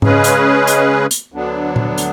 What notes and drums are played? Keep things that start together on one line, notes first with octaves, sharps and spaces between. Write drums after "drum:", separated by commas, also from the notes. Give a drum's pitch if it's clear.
C#3 G#3 C#4 G#4 B4, drum: tom G#2
drum: hi-hat
drum: hi-hat
drum: hi-hat
D2 D3 F#3 B3 D4
drum: tom A#2
drum: hi-hat